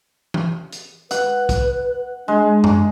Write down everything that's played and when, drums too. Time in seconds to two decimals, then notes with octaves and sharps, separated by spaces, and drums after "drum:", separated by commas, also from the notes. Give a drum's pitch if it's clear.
0.34 drum: tom E3
0.73 drum: hi-hat
1.11 B4 F#5, drum: hi-hat
1.49 drum: kick, hi-hat
2.28 G#3 D4
2.64 drum: tom F#2